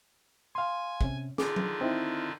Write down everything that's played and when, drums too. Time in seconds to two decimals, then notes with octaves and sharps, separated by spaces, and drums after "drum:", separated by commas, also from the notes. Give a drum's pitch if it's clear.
0.55 F5 G#5 C6
1.01 C3 C#4, drum: kick
1.38 D3 D#3 F4 G#4 D6, drum: snare
1.56 drum: tom F#3
1.81 C4 D#4 E4